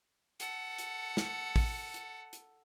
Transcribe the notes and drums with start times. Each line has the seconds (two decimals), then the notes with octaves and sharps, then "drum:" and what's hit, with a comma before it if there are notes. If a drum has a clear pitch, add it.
0.40 A4 F#5, drum: hi-hat
0.78 drum: hi-hat
1.17 drum: snare
1.56 drum: kick, open hi-hat
1.94 drum: hi-hat
2.33 drum: hi-hat